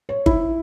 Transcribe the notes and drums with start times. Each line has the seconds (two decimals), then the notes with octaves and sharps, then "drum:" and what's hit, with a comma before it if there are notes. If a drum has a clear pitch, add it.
0.09 C#5
0.26 E4, drum: kick G1